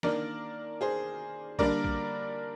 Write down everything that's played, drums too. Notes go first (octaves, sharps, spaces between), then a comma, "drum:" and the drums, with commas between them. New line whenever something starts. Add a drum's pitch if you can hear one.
D#3 A#3 D4 A#4 D5, drum: snare
G#4 C5
D3 G3 A#3 D4 A#4 D5, drum: kick A#1
drum: kick A#1